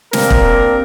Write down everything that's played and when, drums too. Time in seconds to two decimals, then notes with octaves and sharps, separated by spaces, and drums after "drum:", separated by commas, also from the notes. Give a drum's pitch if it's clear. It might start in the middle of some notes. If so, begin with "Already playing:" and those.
0.13 A#3 C4 D4 G4 A#4, drum: snare
0.30 drum: kick